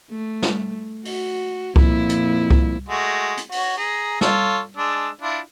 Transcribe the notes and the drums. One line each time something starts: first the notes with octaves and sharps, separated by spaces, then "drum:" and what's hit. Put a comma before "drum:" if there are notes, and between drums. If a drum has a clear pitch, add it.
A3
drum: snare
F#4, drum: open hi-hat
F2 A#2 E4, drum: kick C2
drum: hi-hat
drum: kick C2
G#3 A3 F#4
drum: hi-hat
F#4 C#5, drum: open hi-hat
G#4 A#5
F4 A4 C#5, drum: snare
G#3 D4 E6
D4 E4 F4